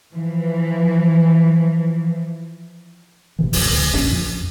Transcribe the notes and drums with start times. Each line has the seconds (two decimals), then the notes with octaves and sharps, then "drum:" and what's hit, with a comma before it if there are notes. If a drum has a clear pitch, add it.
0.12 E3 F3
3.39 A1 C3 E3
3.53 D1 A#1 F#2, drum: open hi-hat
3.74 D2
3.94 E1 A#1 C#4 D4, drum: snare
4.11 F2